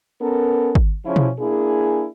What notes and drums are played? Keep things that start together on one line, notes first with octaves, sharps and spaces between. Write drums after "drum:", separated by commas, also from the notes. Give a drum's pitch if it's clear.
B3 C#4 A4 A#4
drum: kick
C#3 F3 C#4 E4
drum: tom B2
A#3 D4 E4 G#4